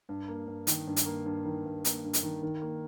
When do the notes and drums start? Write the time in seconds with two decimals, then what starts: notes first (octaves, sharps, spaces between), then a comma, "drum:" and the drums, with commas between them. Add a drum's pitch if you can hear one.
0.09 G2
0.28 A#3
0.47 G2
0.67 D#3, drum: hi-hat
0.87 G2
0.97 drum: hi-hat
1.06 A#3
1.26 G2
1.45 D#3
1.65 G2
1.85 A#3, drum: hi-hat
2.04 G2
2.14 drum: hi-hat
2.23 D#3
2.43 D#3
2.62 A#3